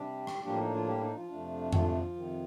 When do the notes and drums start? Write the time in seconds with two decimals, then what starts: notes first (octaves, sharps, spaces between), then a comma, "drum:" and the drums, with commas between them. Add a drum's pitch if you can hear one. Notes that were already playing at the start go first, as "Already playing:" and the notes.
Already playing: C3 G3 D4 G4
0.27 drum: rim click
0.43 A2 F3 G3 A#3 D4 G4
0.58 D#4
0.73 F3 F4
0.87 G3 G4
1.01 D#4
1.15 F3 F4
1.29 F2 C3 F3 A3 D4
1.73 F3 F4, drum: tom F2
2.16 F2 C3 D#3